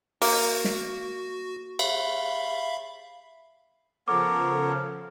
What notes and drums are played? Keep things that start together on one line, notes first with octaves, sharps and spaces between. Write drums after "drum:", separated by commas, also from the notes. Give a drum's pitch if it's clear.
A#3 F#4, drum: open hi-hat
drum: snare
E5 F5 B5, drum: cymbal
C#3 F3 B3 A4 A#4 C#5 D6